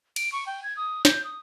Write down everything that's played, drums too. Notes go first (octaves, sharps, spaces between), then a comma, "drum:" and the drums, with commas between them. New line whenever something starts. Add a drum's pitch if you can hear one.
D7, drum: cymbal
C#6
G5
G#6
D#6
G6, drum: snare
D#6